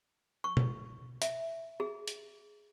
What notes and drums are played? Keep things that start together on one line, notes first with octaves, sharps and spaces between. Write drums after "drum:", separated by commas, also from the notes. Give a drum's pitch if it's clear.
C#6
drum: tom B2
E5, drum: hi-hat
G#4
drum: hi-hat